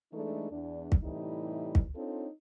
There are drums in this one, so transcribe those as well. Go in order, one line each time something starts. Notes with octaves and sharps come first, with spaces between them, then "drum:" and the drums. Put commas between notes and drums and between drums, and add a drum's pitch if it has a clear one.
E3 G#3 A3 D4 D#4 A4
E2 D4
drum: kick
A2 C3 E3 G3 D#4 E4
drum: kick
C4 D4 D#4 F4 A4 C#5